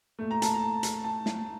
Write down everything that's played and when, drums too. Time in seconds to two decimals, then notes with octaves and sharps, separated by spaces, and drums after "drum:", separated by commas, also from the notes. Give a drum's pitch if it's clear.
0.19 A#2 A3
0.31 A#5
0.42 A5, drum: hi-hat
0.54 A#5
0.83 drum: hi-hat
1.04 A5
1.26 drum: snare